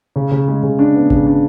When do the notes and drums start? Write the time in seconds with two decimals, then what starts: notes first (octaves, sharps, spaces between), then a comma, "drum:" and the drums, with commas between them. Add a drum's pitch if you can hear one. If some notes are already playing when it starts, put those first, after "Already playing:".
0.16 C#3
0.31 C#3
0.48 G#3
0.63 C#3
0.79 D4
0.95 B3
1.10 C#3, drum: kick G#1
1.27 D4